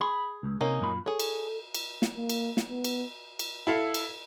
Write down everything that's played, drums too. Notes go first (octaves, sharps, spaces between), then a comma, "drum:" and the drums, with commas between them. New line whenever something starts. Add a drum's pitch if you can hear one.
G#4 B5
C#2
C3 A#3 C#4 D#4
F#2 A#2 B5
G#4 A4 C#5
drum: cymbal
drum: cymbal
drum: snare
A#3
drum: cymbal
drum: snare
B3
drum: cymbal
drum: cymbal
E4 A4 F5
drum: cymbal